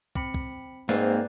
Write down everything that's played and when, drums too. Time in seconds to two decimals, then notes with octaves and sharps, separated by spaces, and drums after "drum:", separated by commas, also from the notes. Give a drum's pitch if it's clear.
0.15 C4 B5 C#7, drum: kick
0.34 drum: kick
0.89 G#2 A#3 C4 B4 D5, drum: snare